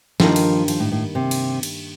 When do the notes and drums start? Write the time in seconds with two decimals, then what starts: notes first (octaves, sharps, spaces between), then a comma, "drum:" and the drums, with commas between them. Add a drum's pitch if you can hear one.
0.20 G2 D#3 F3 A#3, drum: snare
0.36 drum: cymbal
0.68 F3, drum: cymbal
0.80 A2
0.92 A2
1.15 C3
1.31 drum: cymbal
1.63 drum: cymbal